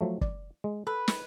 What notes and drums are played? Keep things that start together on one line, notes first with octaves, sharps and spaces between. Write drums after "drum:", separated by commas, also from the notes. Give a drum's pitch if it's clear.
F3 F#3 A3
D5, drum: kick
G#3
A4 B4
drum: snare